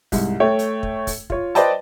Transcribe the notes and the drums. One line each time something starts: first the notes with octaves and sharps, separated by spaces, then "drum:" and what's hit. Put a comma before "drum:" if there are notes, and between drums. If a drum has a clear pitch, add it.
C2 G#2, drum: kick, open hi-hat
A3 C#5 G5
drum: hi-hat
drum: kick
drum: kick, open hi-hat
F4 C#5, drum: kick
B4 C5 D5 D#5 G5 A5, drum: hi-hat